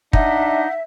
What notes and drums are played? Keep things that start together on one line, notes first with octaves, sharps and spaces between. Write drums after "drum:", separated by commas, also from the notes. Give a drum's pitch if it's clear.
D4 D#4 E5 F#5, drum: kick